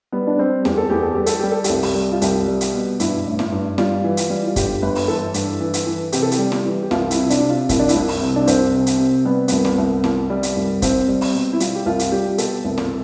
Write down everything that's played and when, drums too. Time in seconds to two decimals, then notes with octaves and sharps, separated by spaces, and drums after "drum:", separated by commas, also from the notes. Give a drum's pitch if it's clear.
0.12 G3 B3
0.27 D4
0.39 G3 C4
0.65 E2 G4, drum: snare
0.78 A4
0.90 E2 G4
1.02 A4
1.15 G3 G4
1.26 A4, drum: hi-hat
1.39 G3 G4
1.52 A4
1.64 G4, drum: hi-hat
1.69 C2
1.82 drum: open hi-hat
1.95 G3
2.12 F4
2.22 C2 G4, drum: hi-hat
2.47 G3
2.61 drum: hi-hat
2.74 B2
3.00 G2 E4, drum: hi-hat
3.26 A1
3.39 drum: snare
3.52 G2
3.78 G3 F4, drum: snare
4.04 E3
4.17 drum: hi-hat
4.30 G3
4.47 F4
4.56 G1 G4, drum: kick, hi-hat
4.82 G1 B4
4.95 drum: open hi-hat
5.08 E3 A4
5.34 G2, drum: hi-hat
5.60 E3
5.74 drum: hi-hat
5.87 E3
6.12 C3 G4, drum: hi-hat
6.22 A4
6.31 G4, drum: hi-hat
6.39 G3
6.52 drum: snare
6.65 E3
6.83 G4
6.91 C2 F4, drum: snare
7.11 E4, drum: hi-hat
7.17 C3
7.30 D4, drum: hi-hat
7.43 C3
7.50 F4
7.69 C2 E4, drum: kick, hi-hat
7.79 D4
7.89 E4, drum: hi-hat
7.95 C2
8.08 drum: open hi-hat
8.21 C3
8.36 D4
8.47 C2 C4, drum: hi-hat
8.74 C3
8.86 drum: hi-hat
9.00 C3
9.25 G3 B3
9.48 C2 B3, drum: hi-hat
9.65 drum: snare
9.78 C2
10.04 C2, drum: snare
10.30 G3
10.43 drum: hi-hat
10.56 C2
10.82 C2 C4, drum: kick, hi-hat
11.08 G3
11.21 drum: open hi-hat
11.34 B2
11.53 E4
11.60 G3 F4, drum: hi-hat
11.75 G4
11.86 C2 F4
11.99 drum: hi-hat
12.12 G3 G4
12.38 B2 A4, drum: hi-hat
12.64 C2
12.78 drum: snare